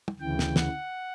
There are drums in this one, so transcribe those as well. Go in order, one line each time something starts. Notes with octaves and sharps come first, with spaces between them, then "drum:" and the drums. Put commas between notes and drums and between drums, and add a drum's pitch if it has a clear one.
drum: tom
D2 C#3 E3 G5
drum: snare
F#5, drum: snare